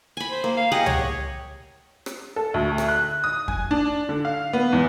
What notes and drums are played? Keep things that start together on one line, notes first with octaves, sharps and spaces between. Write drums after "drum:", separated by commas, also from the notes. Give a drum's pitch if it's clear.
G#5 B5
C5
A#3
F5
G4 G#4 D#5 F#5
C#5, drum: tom C#2
drum: rim click
A4
D2
drum: rim click
F#6
D#6
G#5, drum: kick F2
D4
D3
F5
B3
E2